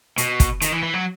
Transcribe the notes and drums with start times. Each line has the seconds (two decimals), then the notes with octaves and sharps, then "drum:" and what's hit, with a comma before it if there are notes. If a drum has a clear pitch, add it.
0.18 B2, drum: hi-hat
0.40 drum: kick, hi-hat
0.62 D#3, drum: hi-hat
0.72 E3
0.83 E3
0.94 F#3